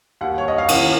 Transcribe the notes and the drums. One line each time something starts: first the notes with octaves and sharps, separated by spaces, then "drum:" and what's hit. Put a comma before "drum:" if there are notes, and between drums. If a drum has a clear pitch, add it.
D#2 F#5
C#5
D#5
F5
D#3 A#3 C#4 F#5, drum: cymbal